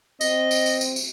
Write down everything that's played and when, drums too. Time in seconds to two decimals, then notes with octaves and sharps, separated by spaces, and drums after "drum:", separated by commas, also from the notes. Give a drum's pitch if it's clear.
0.21 C4 D#5, drum: tambourine
0.51 drum: tambourine
0.66 drum: tambourine
0.81 drum: tambourine
0.96 drum: tambourine